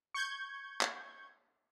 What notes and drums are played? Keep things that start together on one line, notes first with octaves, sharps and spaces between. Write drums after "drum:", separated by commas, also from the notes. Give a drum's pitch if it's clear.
C#6 G6 G#6
drum: clap